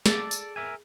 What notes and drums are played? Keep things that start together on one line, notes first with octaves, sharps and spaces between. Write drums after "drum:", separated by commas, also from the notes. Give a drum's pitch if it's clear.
G#4 A4 D5, drum: snare
drum: tambourine
A#4 E5 G#5